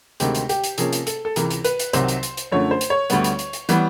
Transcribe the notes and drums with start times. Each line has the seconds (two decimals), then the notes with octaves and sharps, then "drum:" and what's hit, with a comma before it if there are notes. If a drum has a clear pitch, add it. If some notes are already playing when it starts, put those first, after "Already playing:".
0.20 D2 C3 D#3 G#3 C4 G4, drum: hi-hat
0.35 drum: hi-hat
0.49 G4, drum: hi-hat
0.64 drum: hi-hat
0.78 C3 F3 A#3 C#4 G#4, drum: hi-hat
0.93 drum: hi-hat
1.07 A4, drum: hi-hat
1.25 A4
1.36 C#2 C3 E3 A#4, drum: hi-hat
1.50 drum: hi-hat
1.64 B4, drum: hi-hat
1.79 drum: hi-hat
1.93 C2 C3 D#3 F#3 C5, drum: hi-hat
2.08 drum: hi-hat
2.23 drum: hi-hat
2.37 drum: hi-hat
2.52 F#2 D3 F3 A3 C#5
2.71 C5
2.81 drum: hi-hat
2.90 C#5
3.10 D2 D3 G3 B3, drum: hi-hat
3.24 drum: hi-hat
3.39 drum: hi-hat
3.53 drum: hi-hat
3.69 E3 G3 B3, drum: hi-hat